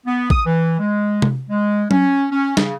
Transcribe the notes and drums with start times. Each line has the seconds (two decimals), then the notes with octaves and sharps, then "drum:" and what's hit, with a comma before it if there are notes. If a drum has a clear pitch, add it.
0.06 B3
0.30 D#6, drum: kick
0.46 E3
0.79 G#3
1.22 drum: tom C3
1.49 G#3
1.91 C#4, drum: tom F#3
2.31 C#4
2.57 C#3, drum: snare